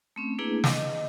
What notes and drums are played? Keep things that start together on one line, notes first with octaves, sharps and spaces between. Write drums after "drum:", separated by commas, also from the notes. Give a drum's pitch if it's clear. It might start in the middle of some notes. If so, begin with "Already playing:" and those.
A3 C4 C#4
A3 A#3 D4 E4 G#4 B4
D#5, drum: snare